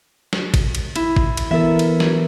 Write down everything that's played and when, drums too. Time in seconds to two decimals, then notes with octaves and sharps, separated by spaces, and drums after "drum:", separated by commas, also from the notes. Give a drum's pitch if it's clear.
0.33 drum: snare
0.54 drum: kick G#1, cymbal
0.75 drum: cymbal
0.96 E4, drum: cymbal
1.16 drum: kick G#1
1.37 drum: cymbal
1.51 E3 B3 A4 A#4 E5
1.79 drum: cymbal
2.00 drum: snare